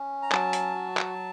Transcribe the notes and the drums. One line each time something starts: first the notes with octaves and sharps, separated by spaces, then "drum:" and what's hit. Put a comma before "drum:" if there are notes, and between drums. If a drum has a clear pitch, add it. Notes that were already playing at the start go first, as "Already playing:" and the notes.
Already playing: C#4
A#5
F#3 A5, drum: clap
drum: hi-hat
F#4
drum: clap